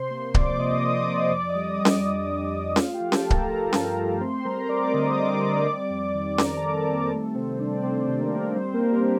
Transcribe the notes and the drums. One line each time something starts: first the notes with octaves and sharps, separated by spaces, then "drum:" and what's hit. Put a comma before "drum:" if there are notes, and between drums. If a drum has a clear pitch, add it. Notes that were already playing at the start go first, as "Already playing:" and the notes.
Already playing: C3 C5 C6
A#3
F3 D5 D6, drum: kick C#1
C3 D#5 D#6
D#5 D#6
A#3
D5 D6
A#3
D5 D6
F2 D5 D6
D#5 D#6
G3
D5 D6
F2
D5 D6, drum: snare C#4
D4
F2
D4
A3 F4 F5, drum: snare C#4
G4 G5
F3
A4 A5, drum: snare C#4
F3
A#4 A#5, drum: kick C#1
F3 A4 A5
G2 A#4 A#5, drum: snare C#4
A3
C4 C5 C6
G3 A#4 A#5
G3 D5 D6
D3 D#5 D#6
G3 D5 D6
C4 D5 D6
G3
F2
D#3
D#3 A#4 A#5, drum: snare C#4
A4 A5
D#3
C4 C5
G3
A#3 A#4
A3 C4 A4
C3 C4 C5
C4 D4 D5
C3 C4 C5
C3
A#3 A#4
C4
G3 C4 C5
A#3 A#4
D4
G4
A#3